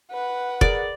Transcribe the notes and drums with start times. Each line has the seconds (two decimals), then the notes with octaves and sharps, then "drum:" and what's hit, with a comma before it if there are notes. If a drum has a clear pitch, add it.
0.12 B4 F#5
0.61 G#4 A#4 D5, drum: kick F1